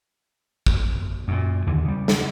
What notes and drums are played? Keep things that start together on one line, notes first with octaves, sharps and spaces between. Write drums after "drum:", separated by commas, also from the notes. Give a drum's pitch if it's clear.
drum: kick
F#2 A#2
D#2 D3 E3
C#3 G3
drum: snare